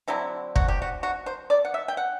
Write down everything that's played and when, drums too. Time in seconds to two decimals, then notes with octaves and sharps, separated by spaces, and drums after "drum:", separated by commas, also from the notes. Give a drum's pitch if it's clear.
0.08 D3 F#3 C4 E4
0.56 F#4, drum: kick
0.68 G4
0.82 F#4
1.03 F#4
1.26 C5
1.50 D5
1.65 F#5
1.74 E5
1.88 G5
1.97 F#5